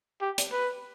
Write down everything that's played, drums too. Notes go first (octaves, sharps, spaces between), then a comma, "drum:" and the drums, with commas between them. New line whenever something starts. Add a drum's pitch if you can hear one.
G4
drum: hi-hat
B4